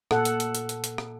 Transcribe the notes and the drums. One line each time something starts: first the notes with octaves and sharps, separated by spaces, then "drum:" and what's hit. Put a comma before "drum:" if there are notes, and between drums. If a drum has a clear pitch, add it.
A#2 A4 F#5, drum: rim click
drum: hi-hat
drum: hi-hat
drum: hi-hat
drum: hi-hat
drum: hi-hat
drum: rim click